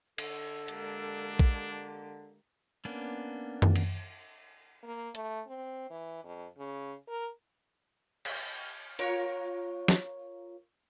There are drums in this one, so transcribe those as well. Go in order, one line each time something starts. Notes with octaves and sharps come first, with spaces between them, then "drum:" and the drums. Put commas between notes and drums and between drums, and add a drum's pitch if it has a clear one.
D3 A4 C#5, drum: cymbal
G#3 A#3 D4 G4, drum: hi-hat
drum: kick A#1
A#3 B3 C#4 D4
drum: tom F#2
drum: cymbal
A#3
A3, drum: hi-hat
C4
E3
F2
C#3
A#4
drum: cymbal
F4 A#4 C#5, drum: hi-hat
drum: snare